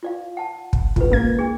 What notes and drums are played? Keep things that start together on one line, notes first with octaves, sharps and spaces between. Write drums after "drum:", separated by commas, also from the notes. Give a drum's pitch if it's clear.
F4 D5 F5
F#5 A5
drum: kick
A1 G#2 F4 B4, drum: kick
C#2 A#3 G#6
D4 G#4